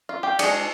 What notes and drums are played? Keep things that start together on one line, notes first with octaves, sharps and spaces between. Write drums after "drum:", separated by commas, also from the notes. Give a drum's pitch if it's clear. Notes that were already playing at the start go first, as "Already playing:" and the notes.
F4
G4
G#3 D4 G#4, drum: cymbal